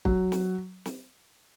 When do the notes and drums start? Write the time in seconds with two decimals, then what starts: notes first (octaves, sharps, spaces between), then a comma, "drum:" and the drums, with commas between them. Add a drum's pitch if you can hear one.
0.05 F#3, drum: kick
0.32 drum: snare
0.85 drum: snare